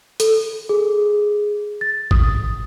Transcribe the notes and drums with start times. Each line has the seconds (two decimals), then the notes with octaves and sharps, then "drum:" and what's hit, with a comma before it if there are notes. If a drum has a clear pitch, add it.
0.20 A4, drum: hi-hat
0.69 G#4
1.81 A6
2.11 D#6, drum: kick A1